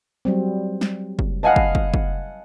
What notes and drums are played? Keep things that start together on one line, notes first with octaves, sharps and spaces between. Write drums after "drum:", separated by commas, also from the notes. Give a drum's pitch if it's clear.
F#3 G3 C4
drum: snare
drum: kick
B4 D#5 F5 F#5 G#5 A5
drum: kick
drum: kick
drum: kick